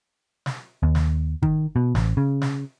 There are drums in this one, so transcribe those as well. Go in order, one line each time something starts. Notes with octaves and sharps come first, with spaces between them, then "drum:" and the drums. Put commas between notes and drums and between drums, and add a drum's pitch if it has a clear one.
drum: snare
D#2
drum: snare
D#3, drum: kick
B2
A1, drum: snare
C#3
drum: snare